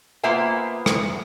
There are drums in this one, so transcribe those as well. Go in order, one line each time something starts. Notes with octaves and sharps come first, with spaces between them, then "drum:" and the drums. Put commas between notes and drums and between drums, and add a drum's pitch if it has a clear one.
A#3 B3 F4 C5 E5 G#5
drum: rim click